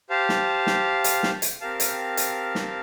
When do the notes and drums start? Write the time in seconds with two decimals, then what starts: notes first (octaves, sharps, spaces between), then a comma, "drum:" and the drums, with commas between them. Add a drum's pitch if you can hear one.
0.10 G4 C5 F5 A5
0.29 drum: snare
0.67 drum: snare
1.04 drum: hi-hat
1.23 drum: snare
1.42 drum: hi-hat
1.61 C4 G4 A#4 F5 A5
1.80 drum: hi-hat
2.17 drum: hi-hat
2.55 drum: snare